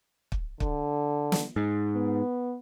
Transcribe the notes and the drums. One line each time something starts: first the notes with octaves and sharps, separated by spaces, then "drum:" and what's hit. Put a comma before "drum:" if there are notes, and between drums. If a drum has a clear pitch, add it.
drum: kick
D3, drum: kick
drum: snare
G#2
B3